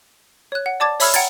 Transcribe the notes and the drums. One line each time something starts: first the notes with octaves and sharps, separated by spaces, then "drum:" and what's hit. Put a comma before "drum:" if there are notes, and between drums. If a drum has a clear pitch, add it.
C#5 F#6
F#5
D5 A5 D6 G#6 A6
C#5 E5 B5 E6 F6 G#6, drum: open hi-hat
F#5 G5 A#5 G#6 A6, drum: hi-hat